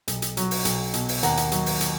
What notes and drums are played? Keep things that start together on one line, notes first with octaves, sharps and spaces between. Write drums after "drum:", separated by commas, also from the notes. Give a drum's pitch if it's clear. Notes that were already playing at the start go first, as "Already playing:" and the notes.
B1, drum: hi-hat
drum: hi-hat
F#3, drum: hi-hat
drum: open hi-hat
B1, drum: hi-hat
B2, drum: hi-hat
drum: open hi-hat
D#2 F#5 A#5, drum: hi-hat
drum: hi-hat
F#3, drum: hi-hat
drum: open hi-hat
drum: hi-hat